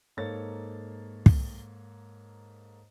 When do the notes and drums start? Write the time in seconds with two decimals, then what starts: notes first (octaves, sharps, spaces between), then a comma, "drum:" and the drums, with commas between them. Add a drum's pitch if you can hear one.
0.17 G#2 A#3 A4 C#5 A6
1.26 drum: kick